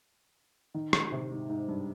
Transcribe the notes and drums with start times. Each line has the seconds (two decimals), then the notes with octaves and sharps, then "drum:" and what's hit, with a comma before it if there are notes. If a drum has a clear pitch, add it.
0.74 D#3
0.93 D#3, drum: rim click
1.12 C3
1.31 G#2
1.50 G#2
1.68 G2